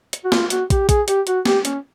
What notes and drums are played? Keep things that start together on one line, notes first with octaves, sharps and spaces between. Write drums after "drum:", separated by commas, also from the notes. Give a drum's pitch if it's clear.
drum: hi-hat
F#4
F4, drum: snare
F#4, drum: hi-hat
G4, drum: kick, hi-hat
G#4, drum: kick, hi-hat
G4, drum: hi-hat
F#4, drum: hi-hat
G4, drum: snare
C#4, drum: hi-hat